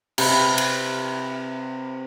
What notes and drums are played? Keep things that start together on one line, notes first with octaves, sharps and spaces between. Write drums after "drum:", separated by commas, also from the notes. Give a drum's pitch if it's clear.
C3 B4, drum: cymbal
drum: cymbal